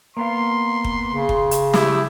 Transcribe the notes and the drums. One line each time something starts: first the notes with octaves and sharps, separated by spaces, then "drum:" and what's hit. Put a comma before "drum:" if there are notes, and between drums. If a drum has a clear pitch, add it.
A#3 B3 F5 C6
drum: kick
C#3
drum: kick
drum: hi-hat
A3 E4 G4 G#4, drum: snare